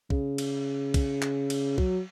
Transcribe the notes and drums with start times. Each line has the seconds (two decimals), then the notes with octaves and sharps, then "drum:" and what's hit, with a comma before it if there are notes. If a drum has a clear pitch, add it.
0.10 C#3, drum: kick
0.38 drum: cymbal
0.94 drum: kick, cymbal
1.22 drum: clap
1.50 drum: cymbal
1.78 F#3, drum: kick